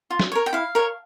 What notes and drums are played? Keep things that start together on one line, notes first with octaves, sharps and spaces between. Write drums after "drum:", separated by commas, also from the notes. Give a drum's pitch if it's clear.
F4
drum: snare
A#4 C#5
G5
E4 F5
A#4 C#5